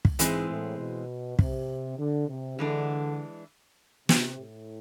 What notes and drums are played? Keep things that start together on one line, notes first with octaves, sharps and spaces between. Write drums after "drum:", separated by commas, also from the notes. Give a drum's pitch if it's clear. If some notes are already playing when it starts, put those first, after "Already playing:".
drum: kick
G#2 E3 G#3 C4 G#4, drum: hi-hat
A2
B2
C3, drum: kick
D3
C3
D3 E3 G#3 D4
C3, drum: snare
A2